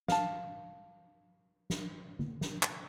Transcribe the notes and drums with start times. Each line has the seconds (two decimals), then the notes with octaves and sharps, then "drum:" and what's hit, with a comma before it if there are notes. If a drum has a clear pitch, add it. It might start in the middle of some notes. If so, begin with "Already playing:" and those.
0.08 F5 A5, drum: snare
1.70 drum: snare
2.19 drum: tom D3
2.41 drum: snare
2.63 drum: clap